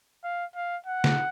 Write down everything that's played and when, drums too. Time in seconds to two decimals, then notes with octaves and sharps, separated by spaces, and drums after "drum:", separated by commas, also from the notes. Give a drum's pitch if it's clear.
0.24 F5
0.56 F5
0.87 F#5
1.04 drum: snare C#3